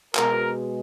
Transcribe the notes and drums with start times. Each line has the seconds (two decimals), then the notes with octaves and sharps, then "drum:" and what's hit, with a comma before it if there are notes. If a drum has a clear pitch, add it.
0.15 B2 G#3 A#4, drum: clap